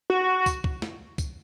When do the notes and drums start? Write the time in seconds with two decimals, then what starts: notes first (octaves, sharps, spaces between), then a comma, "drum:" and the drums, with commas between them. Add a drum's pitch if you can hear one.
0.10 F#4
0.46 drum: kick, tambourine
0.64 drum: kick
0.82 drum: snare
1.18 drum: kick, tambourine